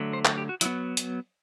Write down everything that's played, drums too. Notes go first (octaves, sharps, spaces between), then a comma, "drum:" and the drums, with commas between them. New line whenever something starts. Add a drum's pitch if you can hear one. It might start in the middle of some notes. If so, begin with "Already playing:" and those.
Already playing: D3 F#3 A3
C5
A4, drum: clap
G4
F#4
F#3 B3 E4, drum: hi-hat
drum: hi-hat